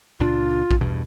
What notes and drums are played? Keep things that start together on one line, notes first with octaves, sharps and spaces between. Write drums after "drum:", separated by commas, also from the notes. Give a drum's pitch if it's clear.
C#2 A#2 D4 F4
drum: kick A#1
E2 G2 B2